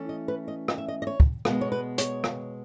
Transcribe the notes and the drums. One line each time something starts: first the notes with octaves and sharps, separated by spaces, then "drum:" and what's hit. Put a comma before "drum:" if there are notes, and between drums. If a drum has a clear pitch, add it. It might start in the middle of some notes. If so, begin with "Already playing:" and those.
Already playing: E3 A3 C#4
D#5
B4
D#5
D#5, drum: rim click
E5
D#5
D#5
C#5
drum: kick
B2 G#3 B3 A4, drum: rim click
C#5
B4
C#5, drum: hi-hat
drum: rim click